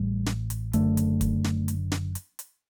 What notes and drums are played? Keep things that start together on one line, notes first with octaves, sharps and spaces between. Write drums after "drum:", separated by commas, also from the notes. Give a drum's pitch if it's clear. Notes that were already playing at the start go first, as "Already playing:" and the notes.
Already playing: A1 A2 G3
drum: snare
drum: hi-hat
F#1 F#2 D3 A3, drum: hi-hat
drum: hi-hat
drum: kick, hi-hat
drum: snare
drum: hi-hat
drum: snare
drum: hi-hat
drum: hi-hat